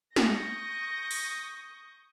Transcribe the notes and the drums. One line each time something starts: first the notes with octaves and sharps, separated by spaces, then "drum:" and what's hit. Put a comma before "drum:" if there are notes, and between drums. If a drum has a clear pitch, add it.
C#6 D#6 G6 A#6, drum: snare
drum: open hi-hat